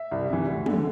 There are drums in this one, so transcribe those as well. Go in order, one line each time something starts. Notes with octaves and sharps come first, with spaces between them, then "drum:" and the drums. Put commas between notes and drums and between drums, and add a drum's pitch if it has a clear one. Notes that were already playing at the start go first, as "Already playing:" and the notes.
Already playing: E5
C2
C3 E3
D2
D3, drum: tom